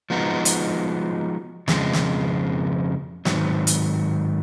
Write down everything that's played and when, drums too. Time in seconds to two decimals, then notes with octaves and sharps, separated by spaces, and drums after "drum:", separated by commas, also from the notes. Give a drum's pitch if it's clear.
0.10 F3 G#3 B3 D#4 F#4
0.45 drum: hi-hat
1.68 F2 C#3 G#3, drum: snare
1.93 drum: snare
3.25 G#2 D#3 F#3, drum: snare
3.67 drum: hi-hat